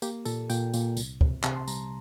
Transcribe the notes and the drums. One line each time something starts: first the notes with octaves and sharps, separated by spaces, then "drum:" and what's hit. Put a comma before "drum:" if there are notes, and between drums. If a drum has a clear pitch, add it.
A#3 G4, drum: tambourine
A#2 A4, drum: tambourine
A#2 G5, drum: tambourine
A#2, drum: tambourine
C2, drum: tambourine
C3, drum: kick
C3 A5, drum: clap
C6
G3 A#5, drum: tambourine